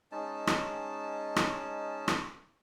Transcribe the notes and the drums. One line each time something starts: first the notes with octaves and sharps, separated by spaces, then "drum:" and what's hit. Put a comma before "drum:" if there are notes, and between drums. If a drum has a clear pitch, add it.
G#3 C#4 D#4 A5
drum: rim click
drum: rim click
drum: rim click